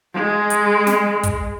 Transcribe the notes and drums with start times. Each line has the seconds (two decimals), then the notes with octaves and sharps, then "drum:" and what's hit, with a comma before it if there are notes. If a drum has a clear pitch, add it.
0.14 G#3
0.50 drum: hi-hat
0.87 drum: snare
1.23 drum: kick, hi-hat